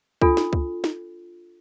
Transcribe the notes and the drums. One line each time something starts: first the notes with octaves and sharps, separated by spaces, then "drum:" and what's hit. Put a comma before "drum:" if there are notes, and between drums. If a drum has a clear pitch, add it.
D4 F4 A4, drum: kick C#2
drum: snare
drum: kick C#2
drum: snare